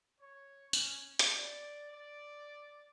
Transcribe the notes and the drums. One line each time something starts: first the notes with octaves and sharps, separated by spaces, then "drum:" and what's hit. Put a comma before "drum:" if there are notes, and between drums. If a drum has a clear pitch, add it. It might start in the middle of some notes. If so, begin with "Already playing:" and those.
C#5
C#4, drum: tambourine
drum: hi-hat
D5
D5